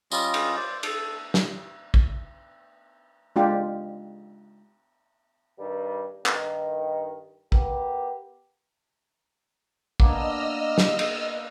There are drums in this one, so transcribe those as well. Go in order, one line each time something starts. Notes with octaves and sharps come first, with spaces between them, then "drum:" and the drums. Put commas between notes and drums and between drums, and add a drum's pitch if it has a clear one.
G3 C#4 F4 D#5, drum: tambourine
drum: cymbal
C5 D5
A4, drum: cymbal
drum: snare
drum: kick
G#3 D4 F4 G4
G2 D#3 G3
G2 D#3, drum: clap
B3 G4 A#4, drum: kick
A#3 B3 D4 D#5 E6 F6, drum: kick
drum: snare
drum: cymbal